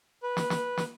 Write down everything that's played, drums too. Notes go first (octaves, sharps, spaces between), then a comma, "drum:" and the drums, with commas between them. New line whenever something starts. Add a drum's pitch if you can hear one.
B4
drum: snare
drum: snare
drum: snare